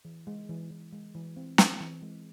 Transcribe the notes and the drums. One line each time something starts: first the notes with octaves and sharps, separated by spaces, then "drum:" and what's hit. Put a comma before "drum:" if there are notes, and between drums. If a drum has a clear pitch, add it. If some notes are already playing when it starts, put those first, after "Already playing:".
E3
G#3
E3
E3
G#3
E3
C4
C4, drum: snare
E3
G#3